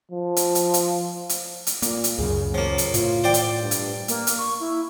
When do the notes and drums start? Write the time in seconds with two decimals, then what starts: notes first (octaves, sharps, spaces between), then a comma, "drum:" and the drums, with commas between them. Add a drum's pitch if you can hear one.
0.12 F3
0.36 drum: hi-hat
0.55 drum: hi-hat
0.74 drum: hi-hat
1.29 drum: hi-hat
1.67 drum: hi-hat
1.82 A#2 A#3, drum: hi-hat
2.04 drum: hi-hat
2.18 C#2 F#2 C#3 G#4
2.54 F3 A#3 C#5
2.78 drum: hi-hat
2.94 A2 F4, drum: hi-hat
3.24 C5 D5 G5
3.34 drum: hi-hat
3.61 G2
3.71 drum: hi-hat
4.08 A#3, drum: hi-hat
4.27 drum: hi-hat
4.38 C#6
4.60 E4